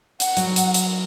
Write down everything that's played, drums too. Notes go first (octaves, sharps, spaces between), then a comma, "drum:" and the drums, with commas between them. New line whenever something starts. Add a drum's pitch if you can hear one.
F#5, drum: hi-hat
F#3, drum: hi-hat
drum: hi-hat
drum: hi-hat